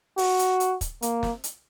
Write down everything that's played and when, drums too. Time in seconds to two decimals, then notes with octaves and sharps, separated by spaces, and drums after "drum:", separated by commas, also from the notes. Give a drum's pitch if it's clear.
0.18 F#4, drum: open hi-hat
0.39 drum: hi-hat
0.60 drum: hi-hat
0.81 drum: kick, hi-hat
1.02 A#3, drum: hi-hat
1.23 drum: snare
1.44 drum: hi-hat